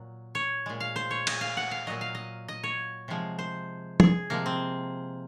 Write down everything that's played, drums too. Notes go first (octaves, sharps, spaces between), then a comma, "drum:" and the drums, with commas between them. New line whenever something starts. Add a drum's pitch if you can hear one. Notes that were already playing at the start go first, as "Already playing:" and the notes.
Already playing: A#2 F#3
C#5
A#2 G#3
F5
C5
C#5
D#5, drum: cymbal
F5
F#5
F5
A#2 F#3 D#5
F5
D#5
D#5
C#5
C3 F3 G#3
C5
G#4, drum: tom
C3 F3 G#3 A#3
C4